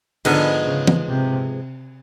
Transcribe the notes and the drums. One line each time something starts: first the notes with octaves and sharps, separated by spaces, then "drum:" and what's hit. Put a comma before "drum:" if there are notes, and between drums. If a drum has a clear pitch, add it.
G#2 D3 F3 G#3 B3, drum: cymbal
C#3
drum: tom E3
C3